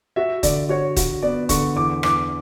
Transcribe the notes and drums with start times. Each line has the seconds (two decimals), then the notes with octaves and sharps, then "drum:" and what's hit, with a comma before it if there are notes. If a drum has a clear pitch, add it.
0.16 F#4 E5
0.43 D3 D5, drum: kick D#1, hi-hat
0.69 F#4 C#5
0.96 F#4, drum: kick D#1, hi-hat
1.23 B3 D5
1.49 D3 C#6, drum: kick D#1, hi-hat
1.76 E2 D6
2.03 E2 D6, drum: rim click